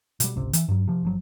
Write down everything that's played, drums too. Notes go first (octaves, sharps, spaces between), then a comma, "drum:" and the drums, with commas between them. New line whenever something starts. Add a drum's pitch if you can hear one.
B2 G3, drum: hi-hat
G#1 C#2 C3
E3, drum: hi-hat
G2 F#3
C3 F3
G1 F3 F#3